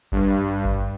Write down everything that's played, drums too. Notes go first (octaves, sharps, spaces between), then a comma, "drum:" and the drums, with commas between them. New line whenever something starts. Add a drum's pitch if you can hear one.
G2, drum: kick G#1
drum: kick G#1